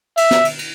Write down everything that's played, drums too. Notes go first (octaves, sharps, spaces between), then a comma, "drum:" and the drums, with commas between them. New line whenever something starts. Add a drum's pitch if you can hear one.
E5, drum: cymbal
drum: snare
drum: cymbal
drum: cymbal